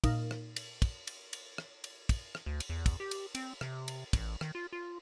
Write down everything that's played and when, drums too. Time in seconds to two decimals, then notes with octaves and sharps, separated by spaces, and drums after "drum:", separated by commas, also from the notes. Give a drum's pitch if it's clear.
0.04 A#2 D#4, drum: kick, cymbal
0.31 drum: rim click
0.56 drum: cymbal
0.82 drum: kick, cymbal
1.07 drum: cymbal
1.33 drum: cymbal
1.58 drum: rim click
1.84 drum: cymbal
2.09 drum: kick, cymbal
2.35 drum: rim click
2.46 D2
2.60 drum: cymbal
2.70 E2
2.86 drum: kick, cymbal
3.00 G4
3.11 drum: cymbal
3.35 C4, drum: cymbal
3.61 C3, drum: rim click
3.88 drum: cymbal
4.13 A1, drum: kick, cymbal
4.41 D#3, drum: rim click
4.55 F4
4.73 F4